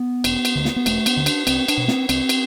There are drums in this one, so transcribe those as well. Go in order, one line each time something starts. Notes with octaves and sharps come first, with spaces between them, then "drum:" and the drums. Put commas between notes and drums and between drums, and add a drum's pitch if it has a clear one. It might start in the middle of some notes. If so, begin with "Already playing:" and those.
Already playing: B3
E1, drum: cymbal
drum: cymbal
D2 D3
drum: snare
B3
E1 A3, drum: cymbal
B3, drum: cymbal
D2 D3
D4, drum: cymbal
C2 C4, drum: cymbal
D4, drum: cymbal
B2
C4, drum: snare
C2 C4, drum: cymbal
drum: cymbal